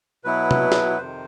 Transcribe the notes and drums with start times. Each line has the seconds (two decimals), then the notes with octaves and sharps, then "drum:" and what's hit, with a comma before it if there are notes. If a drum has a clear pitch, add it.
0.24 B2 F#3 B3 E4 B4
0.51 drum: tom
0.72 drum: snare
0.98 F2 C3 D#3 C5